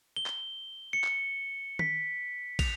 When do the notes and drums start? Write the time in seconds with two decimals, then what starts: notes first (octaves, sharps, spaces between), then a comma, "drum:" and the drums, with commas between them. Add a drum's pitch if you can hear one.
0.16 G7
0.26 drum: clap
0.93 C#7
1.04 drum: clap
1.79 B6, drum: tom
2.59 F7, drum: kick, cymbal